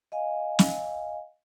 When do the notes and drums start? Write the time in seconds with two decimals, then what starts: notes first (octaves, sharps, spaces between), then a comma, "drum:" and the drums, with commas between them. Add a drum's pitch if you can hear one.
0.12 D#5 F5 G#5
0.59 drum: snare